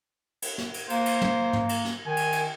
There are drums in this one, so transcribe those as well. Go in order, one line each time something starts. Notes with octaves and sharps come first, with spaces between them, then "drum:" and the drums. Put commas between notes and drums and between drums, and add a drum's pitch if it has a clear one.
drum: cymbal
drum: snare
drum: cymbal
A#3 C5, drum: cymbal
drum: cymbal
drum: tom
drum: tom
drum: cymbal
drum: snare
D#3 G#5
drum: cymbal
drum: cymbal